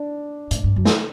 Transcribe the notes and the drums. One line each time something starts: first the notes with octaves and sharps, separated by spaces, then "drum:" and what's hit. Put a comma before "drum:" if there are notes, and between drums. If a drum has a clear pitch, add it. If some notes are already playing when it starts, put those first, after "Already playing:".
Already playing: D4
A2, drum: hi-hat
G2
F#2
drum: snare